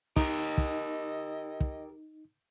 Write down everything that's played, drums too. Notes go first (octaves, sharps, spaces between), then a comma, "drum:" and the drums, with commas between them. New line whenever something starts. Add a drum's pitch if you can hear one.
D#4 G4 A#4 D#5, drum: kick
drum: kick
drum: kick